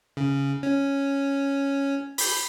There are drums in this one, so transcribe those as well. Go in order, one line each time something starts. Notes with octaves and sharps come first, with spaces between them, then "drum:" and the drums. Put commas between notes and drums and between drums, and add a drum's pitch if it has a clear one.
C#3
C#4
B5 G6, drum: open hi-hat